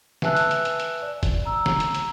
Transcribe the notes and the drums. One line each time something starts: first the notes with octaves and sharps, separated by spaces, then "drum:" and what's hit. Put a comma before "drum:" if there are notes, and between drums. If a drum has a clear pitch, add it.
B4 E5 G#5 A5 E6 F#6, drum: snare
drum: hi-hat
drum: hi-hat
drum: hi-hat
drum: hi-hat
D5
drum: kick, hi-hat
A#5 E6
drum: snare
drum: hi-hat
drum: hi-hat